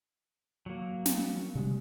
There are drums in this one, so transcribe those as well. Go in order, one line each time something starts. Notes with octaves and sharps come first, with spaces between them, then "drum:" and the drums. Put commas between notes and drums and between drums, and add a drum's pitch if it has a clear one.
F#3 A#3
drum: snare
C3 G3 G#3